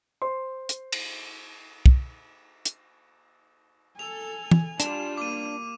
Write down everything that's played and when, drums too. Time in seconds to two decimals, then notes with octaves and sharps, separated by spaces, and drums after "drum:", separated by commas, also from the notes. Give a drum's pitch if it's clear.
0.22 C5 C6
0.69 drum: hi-hat
0.92 drum: cymbal
1.86 drum: kick
2.65 drum: hi-hat
3.99 A4 G#5 F7
4.51 drum: tom
4.80 G3 D4 F4 E7, drum: hi-hat
5.17 A#3 D6 D#7